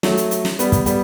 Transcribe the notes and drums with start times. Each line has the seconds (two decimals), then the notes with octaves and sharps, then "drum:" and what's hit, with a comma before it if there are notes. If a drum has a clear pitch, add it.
0.03 F#3 A3, drum: snare
0.17 drum: hi-hat
0.31 drum: hi-hat
0.45 drum: snare
0.59 G3 B3, drum: hi-hat
0.72 drum: kick, hi-hat
0.86 G3 B3, drum: hi-hat